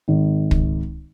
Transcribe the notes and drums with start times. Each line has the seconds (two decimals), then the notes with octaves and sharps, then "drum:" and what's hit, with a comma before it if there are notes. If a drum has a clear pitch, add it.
0.08 G#1
0.51 drum: kick